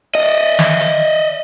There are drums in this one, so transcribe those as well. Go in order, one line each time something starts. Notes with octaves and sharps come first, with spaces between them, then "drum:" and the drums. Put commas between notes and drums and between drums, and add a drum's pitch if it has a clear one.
D5 D#5
drum: snare
drum: hi-hat